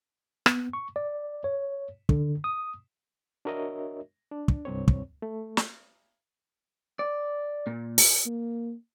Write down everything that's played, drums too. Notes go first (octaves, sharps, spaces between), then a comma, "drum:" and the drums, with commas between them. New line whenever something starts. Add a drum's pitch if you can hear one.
B3, drum: rim click
C#6
D5
C#5
D3, drum: kick
D#6
D4 F#4 A#4 C#5 D#5 E5
D4
drum: kick
C2 G2 C4 C#5
drum: kick
A3
drum: snare
D5
A#2
drum: open hi-hat
A#3